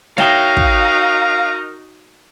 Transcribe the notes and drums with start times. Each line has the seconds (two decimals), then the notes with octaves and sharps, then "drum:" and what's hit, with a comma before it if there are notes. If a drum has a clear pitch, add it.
0.18 D#4 F#4 A#4 C#5 E5 F5 G5, drum: snare
0.57 drum: kick